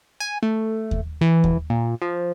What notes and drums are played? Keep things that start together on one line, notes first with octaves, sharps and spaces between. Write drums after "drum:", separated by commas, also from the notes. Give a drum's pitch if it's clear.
G#5
A3
drum: kick D#2
E3
drum: kick D#2
A#2
F3